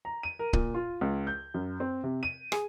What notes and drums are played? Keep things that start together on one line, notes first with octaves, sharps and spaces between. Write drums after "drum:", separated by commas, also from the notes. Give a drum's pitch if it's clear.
A#5
D#7
A#4
A#2, drum: kick C#1
F4
C#2
G6
F#2
C4
C3
D#7
G#4, drum: rim click